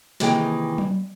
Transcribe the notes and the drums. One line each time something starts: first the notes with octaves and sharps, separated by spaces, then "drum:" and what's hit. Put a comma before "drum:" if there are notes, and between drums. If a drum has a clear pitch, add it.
C3 D#3 E3 A#3 G#4 G5, drum: snare
drum: tom F#3